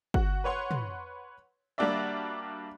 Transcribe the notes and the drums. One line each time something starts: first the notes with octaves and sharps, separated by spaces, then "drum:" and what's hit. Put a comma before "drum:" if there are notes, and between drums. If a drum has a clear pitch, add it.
F#4, drum: kick G1
B4 C#5 F#5 C6
drum: tom
G3 A#3 D4 F#4 D5 E5